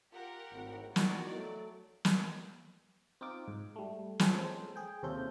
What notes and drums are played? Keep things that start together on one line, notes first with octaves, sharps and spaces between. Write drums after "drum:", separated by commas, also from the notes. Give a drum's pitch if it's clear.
F4 G4 A#4 F#5
G#1 A2
D#3 F3 B3 E4 F#4 D5, drum: snare
F#3 A3 A4
drum: snare
C4 D#4 F4 D6
G#2
G3 A3
F3 G#3 C4 C#4 A4 C5, drum: snare
G#4 G5
D#2 C3 C#4 F4 A4 G6